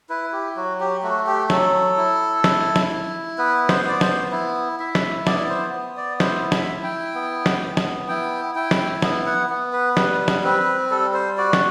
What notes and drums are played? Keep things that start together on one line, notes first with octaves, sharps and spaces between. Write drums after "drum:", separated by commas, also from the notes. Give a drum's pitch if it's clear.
E4 B4
G4
F#3 F#4
G4
A3 F#4
G4
F#3 A4, drum: snare
E4
E4, drum: snare
drum: snare
E4
B3 B4
C5, drum: snare
B3 D5
C5, drum: snare
E4
E4 E5
drum: snare
B3 D5, drum: snare
C5
B3
D5
E4 C5, drum: snare
E5, drum: snare
E4
G5
B3
drum: snare
B3
drum: snare
E4 G5
E4 G5
drum: snare
B3, drum: snare
F#5
B3
B4
G3 B4, drum: snare
drum: snare
C4 B4
G3 A4
C5
F#4 D5
drum: snare